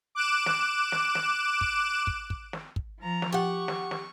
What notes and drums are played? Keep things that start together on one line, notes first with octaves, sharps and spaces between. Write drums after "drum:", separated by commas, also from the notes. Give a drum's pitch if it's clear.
D6 F#6 D7 E7
drum: snare
drum: snare
drum: snare
drum: kick
drum: kick
drum: kick
drum: snare
drum: kick
F3 A#5
drum: snare
G4 F#5 C#6
drum: snare
drum: snare